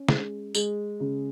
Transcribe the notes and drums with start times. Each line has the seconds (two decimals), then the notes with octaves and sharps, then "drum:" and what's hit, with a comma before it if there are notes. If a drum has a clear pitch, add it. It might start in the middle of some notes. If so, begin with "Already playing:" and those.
Already playing: C#4
0.09 G#3, drum: snare
0.55 G#3, drum: tambourine
1.00 C#3